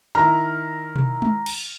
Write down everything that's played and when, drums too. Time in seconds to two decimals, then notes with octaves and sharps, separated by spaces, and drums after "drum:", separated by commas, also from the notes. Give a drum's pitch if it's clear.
0.15 D#3 E4 A#5 F6
0.96 drum: tom B2
1.22 drum: tom G#3
1.46 drum: cymbal